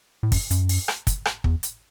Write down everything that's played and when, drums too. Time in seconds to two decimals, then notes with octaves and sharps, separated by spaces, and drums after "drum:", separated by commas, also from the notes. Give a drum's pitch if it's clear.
0.23 A2
0.32 F#2, drum: kick, open hi-hat
0.51 F#2, drum: hi-hat
0.69 drum: open hi-hat
0.88 drum: rim click
1.07 drum: kick, hi-hat
1.25 drum: rim click
1.44 E2, drum: kick
1.63 drum: hi-hat